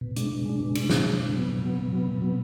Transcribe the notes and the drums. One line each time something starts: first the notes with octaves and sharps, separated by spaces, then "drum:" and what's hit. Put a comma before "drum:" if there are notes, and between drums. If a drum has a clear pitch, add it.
B2
G#3 D4, drum: hi-hat
B2
G#3 D4
B2
G#3 D4, drum: cymbal
B2, drum: snare
G#3 D4
B2
F#3 B3
B2
F#3 B3
B2
F#3 B3
B2
F#3 B3